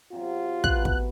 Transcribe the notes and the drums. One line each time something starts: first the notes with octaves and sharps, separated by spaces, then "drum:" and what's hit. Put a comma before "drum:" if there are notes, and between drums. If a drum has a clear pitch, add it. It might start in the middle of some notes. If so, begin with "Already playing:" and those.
C3 F#3 F4
A3 B3 B4 F#6, drum: kick
drum: kick